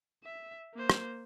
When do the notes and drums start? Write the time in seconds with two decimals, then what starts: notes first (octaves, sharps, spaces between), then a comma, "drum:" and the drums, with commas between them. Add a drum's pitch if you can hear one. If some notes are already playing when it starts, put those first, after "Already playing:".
0.24 E5
0.74 A#3 C5
0.90 drum: rim click